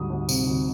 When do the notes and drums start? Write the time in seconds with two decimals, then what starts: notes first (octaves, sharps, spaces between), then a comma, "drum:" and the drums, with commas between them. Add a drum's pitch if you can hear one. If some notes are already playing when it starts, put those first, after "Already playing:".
Already playing: D2 G#2 G3 D#6
0.10 D2
0.29 C3, drum: tambourine
0.47 D2